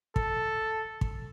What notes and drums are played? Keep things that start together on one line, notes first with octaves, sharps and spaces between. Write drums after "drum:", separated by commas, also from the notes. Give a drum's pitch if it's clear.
A4, drum: kick
drum: kick